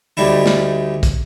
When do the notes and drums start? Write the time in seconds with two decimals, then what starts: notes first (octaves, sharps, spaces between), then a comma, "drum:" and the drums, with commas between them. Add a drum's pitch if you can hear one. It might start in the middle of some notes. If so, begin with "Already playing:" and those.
0.17 D2 G3 D#4 E4
0.46 drum: snare
1.03 drum: kick, hi-hat